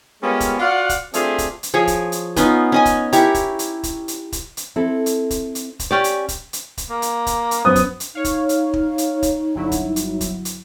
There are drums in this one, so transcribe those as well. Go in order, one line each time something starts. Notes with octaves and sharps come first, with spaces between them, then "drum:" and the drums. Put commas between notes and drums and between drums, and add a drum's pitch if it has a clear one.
G3 G#3 A#3 B3 C#4 F4
drum: kick, hi-hat
F4 F#4 D5 F5 F#5
drum: kick, hi-hat
A3 C4 D4 F4 G4 G#4, drum: hi-hat
drum: kick, hi-hat
drum: hi-hat
F3 G#4 C#5
drum: kick, hi-hat
drum: hi-hat
B3 C#4 D#4 F4, drum: kick, hi-hat
C#4 D#5 G#5
drum: kick, hi-hat
E4 G4 A#4 C#5, drum: hi-hat
drum: kick, hi-hat
drum: hi-hat
drum: kick, hi-hat
drum: hi-hat
drum: kick, hi-hat
drum: hi-hat
C4 E4 A4
drum: hi-hat
drum: kick, hi-hat
drum: hi-hat
drum: kick, hi-hat
C#4 G4 D5
drum: hi-hat
drum: kick, hi-hat
drum: hi-hat
drum: kick, hi-hat
A#3
drum: hi-hat
drum: kick, hi-hat
drum: hi-hat
F#2 B3 C5 D#6
drum: kick, hi-hat
drum: hi-hat
D#4 C#5 F5
drum: kick, hi-hat
drum: hi-hat
drum: kick
drum: hi-hat
drum: kick, hi-hat
G1 F#3 E4
drum: kick, hi-hat
drum: hi-hat
drum: kick, hi-hat
drum: hi-hat